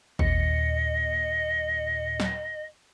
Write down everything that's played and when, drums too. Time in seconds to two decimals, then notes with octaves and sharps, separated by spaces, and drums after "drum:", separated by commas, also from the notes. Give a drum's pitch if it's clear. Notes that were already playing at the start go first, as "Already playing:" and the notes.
0.19 D#2 A#2 D#5 C#7, drum: kick G#1
2.20 drum: snare